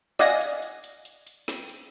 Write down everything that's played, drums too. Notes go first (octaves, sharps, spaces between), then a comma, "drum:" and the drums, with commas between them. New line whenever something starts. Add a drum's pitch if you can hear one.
D5 D#5 F5 F#5 G#5 A#6, drum: snare
drum: hi-hat
drum: hi-hat
drum: hi-hat
drum: hi-hat
drum: hi-hat
drum: snare
drum: hi-hat